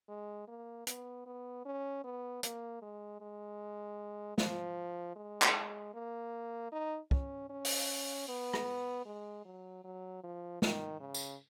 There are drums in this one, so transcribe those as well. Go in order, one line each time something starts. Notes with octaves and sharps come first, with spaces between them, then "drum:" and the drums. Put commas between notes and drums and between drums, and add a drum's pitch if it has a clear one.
G#3
A#3
B3, drum: hi-hat
B3
C#4
B3
A#3, drum: hi-hat
G#3
G#3
F3, drum: snare
G#3
drum: clap
A#3
D#4
C#4, drum: kick
C#4
drum: open hi-hat
B3
drum: rim click
G#3
F#3
F#3
F3
D#3, drum: snare
C#3
drum: tambourine